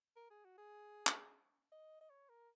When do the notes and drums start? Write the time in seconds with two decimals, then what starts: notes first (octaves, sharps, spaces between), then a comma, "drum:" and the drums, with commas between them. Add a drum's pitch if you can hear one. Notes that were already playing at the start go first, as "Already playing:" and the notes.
0.16 A#4
0.30 G#4
0.45 F#4
0.58 G#4
1.07 drum: clap
1.72 D#5
2.01 D#5
2.10 C#5
2.29 A#4